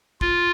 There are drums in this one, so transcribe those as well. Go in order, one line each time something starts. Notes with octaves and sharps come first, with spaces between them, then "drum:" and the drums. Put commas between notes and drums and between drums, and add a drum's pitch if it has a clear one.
F4, drum: kick